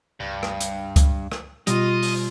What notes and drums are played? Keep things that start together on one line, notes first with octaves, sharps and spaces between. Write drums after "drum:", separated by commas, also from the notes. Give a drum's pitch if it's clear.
C#2 G2
drum: rim click
drum: hi-hat
drum: kick C#2, hi-hat
drum: rim click
B2 G3 F4 D#5, drum: hi-hat
drum: open hi-hat